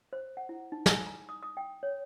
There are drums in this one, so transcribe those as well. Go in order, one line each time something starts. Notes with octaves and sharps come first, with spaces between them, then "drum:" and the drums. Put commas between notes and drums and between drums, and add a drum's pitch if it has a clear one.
C5
F#5
E4
D#4
G#5, drum: snare
A#5
D#6
D#6
G5
C#5